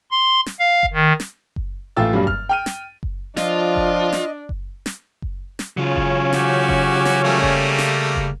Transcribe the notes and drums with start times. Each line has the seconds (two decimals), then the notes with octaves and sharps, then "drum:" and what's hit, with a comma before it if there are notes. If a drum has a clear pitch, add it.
0.11 C6
0.46 drum: snare
0.60 F5
0.83 drum: kick F#1
0.94 D#3
1.20 drum: snare
1.56 drum: kick F#1
1.97 A1 A3 F4 G5 E6 A6
2.13 G2 A#2 F#3 G3
2.27 F6, drum: kick F#1
2.49 G5 F6 D#7
2.66 drum: snare
3.03 drum: kick F#1
3.37 F3 D4 F4 D#5, drum: snare
3.76 drum: kick F#1
4.13 drum: snare
4.49 drum: kick F#1
4.86 drum: snare
5.22 drum: kick F#1
5.59 drum: snare
5.77 C#3 F#3 C#4 F4
5.96 drum: kick F#1
6.33 F#4 G4, drum: snare
6.69 drum: kick F#1
7.05 drum: snare
7.24 G3 A3 A#3
7.42 drum: kick F#1
7.79 drum: snare
8.15 drum: kick F#1